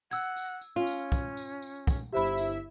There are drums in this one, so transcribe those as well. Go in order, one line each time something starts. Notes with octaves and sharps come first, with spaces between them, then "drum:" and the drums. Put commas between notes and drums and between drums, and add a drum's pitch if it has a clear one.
F#5 E6 G#6, drum: tambourine
drum: tambourine
drum: tambourine
C#4 F4
drum: tambourine
drum: kick, tambourine
drum: tambourine
drum: tambourine
drum: kick, tambourine
G1 E4 G4 C5 E5 B5
drum: tambourine